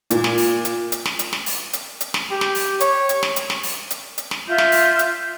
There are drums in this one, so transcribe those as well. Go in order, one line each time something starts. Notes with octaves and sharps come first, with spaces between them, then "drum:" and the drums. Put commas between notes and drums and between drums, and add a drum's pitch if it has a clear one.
A#2, drum: hi-hat
drum: snare
drum: open hi-hat
drum: hi-hat
drum: hi-hat
drum: snare
drum: hi-hat
drum: snare
drum: open hi-hat
drum: hi-hat
drum: hi-hat
drum: snare
G4
drum: snare
drum: open hi-hat
C#5, drum: hi-hat
drum: hi-hat
drum: snare
drum: hi-hat
drum: snare
drum: open hi-hat
drum: hi-hat
drum: hi-hat
drum: snare
F4 E5 G6
drum: snare
drum: open hi-hat
drum: hi-hat